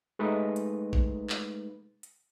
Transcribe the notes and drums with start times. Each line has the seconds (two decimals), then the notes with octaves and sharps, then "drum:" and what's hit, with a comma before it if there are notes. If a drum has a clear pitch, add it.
0.19 G#3 A3 D#4 B4
0.56 drum: hi-hat
0.93 drum: kick G#1
1.30 drum: clap
2.03 drum: hi-hat